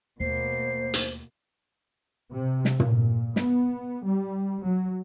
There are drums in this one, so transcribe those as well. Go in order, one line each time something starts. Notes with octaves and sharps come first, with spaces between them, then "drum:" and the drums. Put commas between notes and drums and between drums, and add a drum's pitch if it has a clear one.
D#2 B2 A3 A#3 C5 C7
drum: hi-hat
C3
drum: snare
A#2, drum: tom
B3, drum: snare
G3
F#3